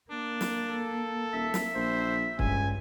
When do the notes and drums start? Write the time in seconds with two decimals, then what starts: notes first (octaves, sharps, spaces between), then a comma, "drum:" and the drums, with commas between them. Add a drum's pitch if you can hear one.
0.11 A#3 D4
0.41 drum: snare
0.69 A4
1.34 D#1 E5
1.54 drum: snare
1.75 A#1 C5
2.39 C#2 G2 G#5, drum: kick